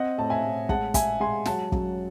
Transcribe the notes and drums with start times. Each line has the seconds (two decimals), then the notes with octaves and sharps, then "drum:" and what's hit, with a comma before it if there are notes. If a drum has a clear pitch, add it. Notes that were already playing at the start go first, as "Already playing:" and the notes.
Already playing: C4 D#5 F#5
0.18 A2 A5
0.30 E5 G#5
0.44 A2
0.69 G#3 F#5 A5, drum: kick
0.94 G#3 E5 G#5, drum: kick, hi-hat
1.20 G#3 G#5 C6
1.45 F#3 F#5 A5, drum: snare
1.72 F#2, drum: kick